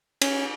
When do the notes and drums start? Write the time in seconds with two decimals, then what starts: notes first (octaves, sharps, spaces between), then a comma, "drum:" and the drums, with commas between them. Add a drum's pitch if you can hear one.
0.22 C#4, drum: cymbal